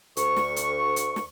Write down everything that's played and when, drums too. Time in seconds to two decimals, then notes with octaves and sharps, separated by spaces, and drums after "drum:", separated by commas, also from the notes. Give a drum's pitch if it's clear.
0.17 D2 C#6, drum: hi-hat
0.36 drum: snare
0.56 drum: hi-hat
0.96 drum: hi-hat
1.16 drum: snare